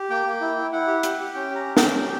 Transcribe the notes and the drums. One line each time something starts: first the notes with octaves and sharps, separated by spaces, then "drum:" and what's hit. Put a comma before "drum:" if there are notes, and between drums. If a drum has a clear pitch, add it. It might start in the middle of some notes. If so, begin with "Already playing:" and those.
Already playing: G4
A#3 G5
A#3
E4
E4
E4 F#5
G4
G4, drum: hi-hat
G4
C#4 G5
G4
A#5
C#4
C#4 G5, drum: snare
G4 G5